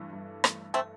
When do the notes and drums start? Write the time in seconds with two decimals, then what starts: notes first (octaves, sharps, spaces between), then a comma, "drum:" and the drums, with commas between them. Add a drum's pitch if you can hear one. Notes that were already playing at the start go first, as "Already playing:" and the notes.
Already playing: G2 E3 A3
0.13 G2
0.44 E3 A3, drum: rim click
0.74 A3 C4